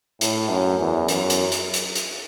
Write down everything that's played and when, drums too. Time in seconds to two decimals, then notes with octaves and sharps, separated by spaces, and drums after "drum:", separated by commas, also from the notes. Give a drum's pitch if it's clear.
0.21 A2, drum: hi-hat
0.50 F#2
0.79 E2
1.08 F#2, drum: hi-hat
1.30 drum: hi-hat
1.52 drum: hi-hat
1.74 drum: hi-hat
1.96 drum: hi-hat